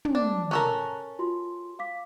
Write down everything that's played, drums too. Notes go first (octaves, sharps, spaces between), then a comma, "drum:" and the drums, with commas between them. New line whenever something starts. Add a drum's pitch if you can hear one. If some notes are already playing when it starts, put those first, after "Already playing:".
drum: tom
D4
C#4 A4 A#4 A#5 C#6 F#6
F4 F#4 C6
F5 D6 B6